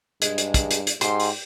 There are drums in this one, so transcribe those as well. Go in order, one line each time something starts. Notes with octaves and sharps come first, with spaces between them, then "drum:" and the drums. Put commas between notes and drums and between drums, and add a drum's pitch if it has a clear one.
G2 G#3, drum: hi-hat
drum: hi-hat
drum: kick, hi-hat
drum: hi-hat
drum: hi-hat
G#2 G4 C6, drum: hi-hat
drum: open hi-hat